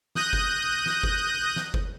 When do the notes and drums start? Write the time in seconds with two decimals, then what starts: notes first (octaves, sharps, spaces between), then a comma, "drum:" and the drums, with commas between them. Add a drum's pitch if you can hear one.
0.15 D#6 F#6 G6 A#6 D#7, drum: snare
0.33 drum: kick F#1
0.86 drum: snare
1.03 drum: kick F#1
1.56 drum: snare
1.74 drum: kick F#1